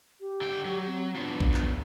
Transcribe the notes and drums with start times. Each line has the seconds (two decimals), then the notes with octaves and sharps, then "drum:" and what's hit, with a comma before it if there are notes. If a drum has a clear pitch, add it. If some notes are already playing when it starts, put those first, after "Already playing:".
0.20 G4
0.41 D3 G5
0.65 F#3
0.87 C4
1.15 F3 B3 D4
1.40 drum: kick A#1
1.54 drum: clap